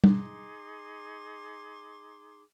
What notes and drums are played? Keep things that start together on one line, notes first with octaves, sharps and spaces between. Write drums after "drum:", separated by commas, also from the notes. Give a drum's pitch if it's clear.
D#4 G#4 C6 D6, drum: tom